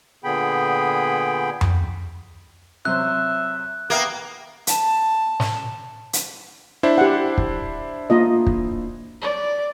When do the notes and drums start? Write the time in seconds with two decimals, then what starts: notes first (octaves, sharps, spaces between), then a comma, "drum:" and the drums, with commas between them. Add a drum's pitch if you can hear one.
0.24 A#2 D3 B3 G#4 G5 B5
1.61 drum: tom F2
2.85 C3 F#3 C5 E5 F#6
3.90 A#3 B3 A#4 E5 G5
4.67 A5, drum: hi-hat
5.40 drum: snare
6.13 drum: hi-hat
6.83 D4 E4 C5
6.98 G4 F#5
7.38 drum: kick
8.10 A#3 F4 D#5
8.47 drum: kick
9.22 D5